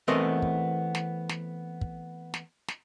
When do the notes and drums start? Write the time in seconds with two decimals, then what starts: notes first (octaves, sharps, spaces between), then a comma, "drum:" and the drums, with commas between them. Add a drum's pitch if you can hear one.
0.08 E3 A3 B3 C4 A#4 D#5
0.42 drum: kick
0.95 drum: snare
1.29 drum: snare
1.81 drum: kick
2.34 drum: snare
2.68 drum: snare